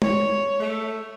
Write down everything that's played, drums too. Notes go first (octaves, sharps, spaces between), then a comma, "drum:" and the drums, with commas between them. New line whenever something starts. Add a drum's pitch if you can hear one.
C#5, drum: tom
A3